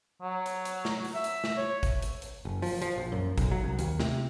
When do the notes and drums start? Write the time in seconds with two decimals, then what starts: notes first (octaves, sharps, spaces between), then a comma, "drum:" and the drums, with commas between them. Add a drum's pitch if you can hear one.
0.22 F#3
0.46 drum: hi-hat
0.65 drum: hi-hat
0.85 drum: snare
1.05 drum: open hi-hat
1.15 E5
1.24 drum: hi-hat
1.44 drum: snare
1.58 C#5
1.83 drum: kick G1, hi-hat
2.02 drum: hi-hat
2.22 drum: hi-hat
2.45 F#1
2.62 F3, drum: open hi-hat
2.82 F3, drum: hi-hat
2.97 A#1
3.12 F#2
3.38 B1, drum: kick G1, hi-hat
3.52 F#3
3.63 C2
3.79 D#2, drum: hi-hat
4.00 C3, drum: snare